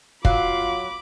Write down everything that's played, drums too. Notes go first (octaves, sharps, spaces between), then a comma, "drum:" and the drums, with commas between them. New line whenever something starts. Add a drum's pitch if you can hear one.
F#3 F4 F5 B5 D6, drum: kick